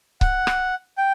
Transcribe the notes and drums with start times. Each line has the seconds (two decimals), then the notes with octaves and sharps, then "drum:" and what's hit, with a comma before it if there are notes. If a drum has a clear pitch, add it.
0.21 F#5, drum: kick C#1
0.47 drum: rim click
0.98 G5